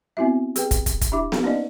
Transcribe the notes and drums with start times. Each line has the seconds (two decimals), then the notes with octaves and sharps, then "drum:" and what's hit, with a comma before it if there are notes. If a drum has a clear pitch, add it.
0.17 B3 C4 E4 F#4 E5
0.56 G4 G#4 B4 G5, drum: hi-hat
0.71 drum: kick, hi-hat
0.86 drum: kick, hi-hat
1.01 drum: kick, hi-hat
1.12 D4 E4 G4 E5 D6
1.32 drum: snare B3
1.43 A#3 C#4 D#4 D5 D#5